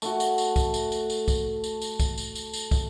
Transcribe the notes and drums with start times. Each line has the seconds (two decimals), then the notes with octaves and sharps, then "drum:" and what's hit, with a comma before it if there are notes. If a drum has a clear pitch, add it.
0.02 A3 F#4, drum: tambourine
0.20 drum: tambourine
0.38 drum: tambourine
0.56 drum: kick, tambourine
0.74 drum: tambourine
0.92 drum: tambourine
1.10 drum: tambourine
1.28 drum: kick, tambourine
1.64 drum: tambourine
1.82 drum: tambourine
2.00 drum: kick, tambourine
2.18 drum: tambourine
2.35 drum: tambourine
2.53 drum: tambourine
2.71 drum: kick, tambourine